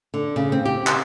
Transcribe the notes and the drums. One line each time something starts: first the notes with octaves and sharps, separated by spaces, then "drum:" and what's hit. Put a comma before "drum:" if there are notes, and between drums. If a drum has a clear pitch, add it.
D3
C#3
C4
G4
drum: clap